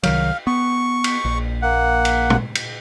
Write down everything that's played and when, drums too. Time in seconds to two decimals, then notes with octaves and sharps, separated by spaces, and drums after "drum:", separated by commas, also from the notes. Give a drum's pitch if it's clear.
0.03 C2 D#3 F#3 F5, drum: cymbal
0.47 B3 C#6
1.04 drum: cymbal
1.25 A#1
1.62 A#3 F#5
2.05 drum: cymbal
2.30 drum: tom A#2
2.55 drum: cymbal